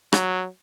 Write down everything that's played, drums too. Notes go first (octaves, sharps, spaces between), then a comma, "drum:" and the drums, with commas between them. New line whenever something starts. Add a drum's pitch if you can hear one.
F#3, drum: rim click